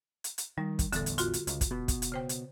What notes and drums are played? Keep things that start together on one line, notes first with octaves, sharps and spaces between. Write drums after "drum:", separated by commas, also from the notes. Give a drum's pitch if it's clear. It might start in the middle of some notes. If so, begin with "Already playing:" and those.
drum: hi-hat
drum: hi-hat
D#3 G3
drum: kick, hi-hat
A1 E2 D3 A4, drum: hi-hat
drum: hi-hat
F4 F#4 C6, drum: hi-hat
drum: hi-hat
C#2, drum: hi-hat
drum: kick, hi-hat
B2
drum: kick, hi-hat
drum: hi-hat
C#3 C5 G5
drum: hi-hat